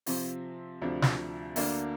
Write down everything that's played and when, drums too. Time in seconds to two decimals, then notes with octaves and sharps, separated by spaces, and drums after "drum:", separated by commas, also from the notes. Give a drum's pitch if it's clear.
0.07 C3 F3 C4, drum: open hi-hat
0.82 D2 C3 F3 D4
1.02 drum: snare
1.56 D2 D3 A#3 D4, drum: open hi-hat